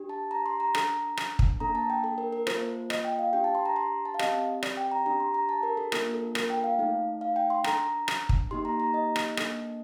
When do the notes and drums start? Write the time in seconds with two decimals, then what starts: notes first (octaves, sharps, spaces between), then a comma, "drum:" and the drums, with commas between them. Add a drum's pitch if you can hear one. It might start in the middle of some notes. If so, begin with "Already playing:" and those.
Already playing: D4 G4
0.09 A5
0.31 A#5
0.46 C6
0.60 A#5
0.75 D4 A4, drum: rim click
1.17 drum: rim click
1.39 drum: kick
1.60 A#3 D4 A4 A#5
1.75 A5
1.90 G5
2.04 A4
2.18 A#4
2.33 A#4
2.47 A#3 F4 A4 C5, drum: rim click
2.90 D#5, drum: rim click
3.05 G5
3.19 F5
3.33 D4 G4 G5
3.44 A5
3.55 C6
3.65 A#5
3.76 C6
4.05 A5
4.14 F5
4.19 C4 G4 D#5, drum: rim click
4.63 D5, drum: rim click
4.77 G5
4.92 A#5
5.06 D4 G4 A#5
5.20 C6
5.34 A#5
5.49 A5
5.63 A#4
5.77 A4
5.92 A#3 D4 F4 A4 A#4, drum: rim click
6.14 A4
6.35 A#4, drum: rim click
6.50 G5
6.64 F5
6.79 A3 D#4 A4
7.21 F5
7.36 G5
7.50 C6
7.64 D4 A4 A#5, drum: rim click
8.08 drum: rim click
8.29 drum: kick
8.51 A#3 D#4 G4 C6
8.65 A#5
8.80 A#5
8.94 D#5
9.16 drum: rim click
9.37 A#3 D4 A4, drum: rim click